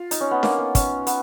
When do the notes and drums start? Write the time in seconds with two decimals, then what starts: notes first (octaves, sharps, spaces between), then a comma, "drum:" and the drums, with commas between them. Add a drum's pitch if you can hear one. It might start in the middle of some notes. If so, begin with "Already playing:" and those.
Already playing: F4
0.11 D#4, drum: hi-hat
0.21 C#4
0.31 B3
0.43 A#3, drum: snare D4
0.58 B3
0.75 C#4, drum: kick, hi-hat
1.07 B3, drum: hi-hat